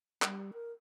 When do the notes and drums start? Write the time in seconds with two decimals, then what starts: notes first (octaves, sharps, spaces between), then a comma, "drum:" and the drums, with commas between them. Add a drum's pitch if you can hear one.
0.22 G3, drum: clap
0.53 A#4